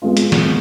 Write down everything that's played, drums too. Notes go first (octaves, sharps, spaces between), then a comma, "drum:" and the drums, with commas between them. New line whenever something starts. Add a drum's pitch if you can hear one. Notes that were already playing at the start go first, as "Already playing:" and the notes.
G#3 B3 F4
drum: hi-hat
drum: snare